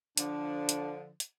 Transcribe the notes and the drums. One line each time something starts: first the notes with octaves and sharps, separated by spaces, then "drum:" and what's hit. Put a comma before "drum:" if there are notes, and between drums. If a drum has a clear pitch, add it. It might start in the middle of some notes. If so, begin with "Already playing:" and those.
D3 F3 D4, drum: hi-hat
drum: hi-hat
drum: hi-hat